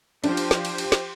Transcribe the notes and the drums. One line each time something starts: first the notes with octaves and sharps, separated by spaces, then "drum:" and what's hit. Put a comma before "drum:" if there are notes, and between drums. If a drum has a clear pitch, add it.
F3 D4 G4 C5, drum: cymbal
drum: cymbal
drum: snare
drum: cymbal
drum: cymbal
drum: snare